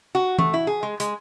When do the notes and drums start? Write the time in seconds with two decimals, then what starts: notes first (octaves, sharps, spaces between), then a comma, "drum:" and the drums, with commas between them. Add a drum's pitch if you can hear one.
0.15 F#4
0.39 A3, drum: tom E3
0.54 E4
0.67 G#4
0.83 G#3
1.00 G#3, drum: hi-hat